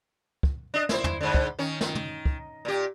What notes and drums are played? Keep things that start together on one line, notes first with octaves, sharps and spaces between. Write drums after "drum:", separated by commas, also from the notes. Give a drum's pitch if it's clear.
drum: kick
D4 D#5
E4 C5, drum: snare
drum: tom
G#2 D3
drum: kick
D#3 C#4
D#3, drum: snare
drum: tom
drum: kick
A#2 G4